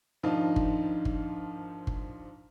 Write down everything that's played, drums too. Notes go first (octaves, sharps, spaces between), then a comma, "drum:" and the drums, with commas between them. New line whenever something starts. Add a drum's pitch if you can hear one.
G#2 D#3 F3 D4 D#4 F4
drum: kick G1
drum: kick G1
drum: kick G1